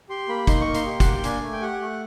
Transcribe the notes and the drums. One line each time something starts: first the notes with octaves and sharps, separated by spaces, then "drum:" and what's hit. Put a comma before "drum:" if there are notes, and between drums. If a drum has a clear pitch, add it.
G4 C6
A#3 B5
D#4 C6, drum: kick, hi-hat
C#6
A#3
C6, drum: hi-hat
G4
A#3 F#5, drum: kick, hi-hat
G5
D4 G#5, drum: hi-hat
A3
G5
G4 F#5
A3